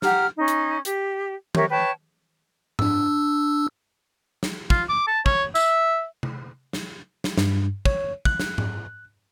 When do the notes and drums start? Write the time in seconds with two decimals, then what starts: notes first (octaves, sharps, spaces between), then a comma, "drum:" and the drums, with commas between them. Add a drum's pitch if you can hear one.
0.02 G4 F#5 A#5 F6, drum: snare
0.37 C#4 D#4
0.48 drum: hi-hat
0.85 G4, drum: hi-hat
1.55 G4 A#4 C#5 E5, drum: tom D#3
1.70 B4 C#5 G5 A5
2.79 D4 E6, drum: tom G#2
4.43 drum: snare
4.70 F4, drum: kick
4.89 D6
5.08 A5
5.26 C#5, drum: kick
5.55 E5, drum: tambourine
6.23 drum: tom C3
6.73 drum: snare
7.24 drum: snare
7.38 G2, drum: snare
7.85 C#5, drum: kick
8.25 F#6, drum: kick
8.40 drum: snare
8.58 drum: tom G#2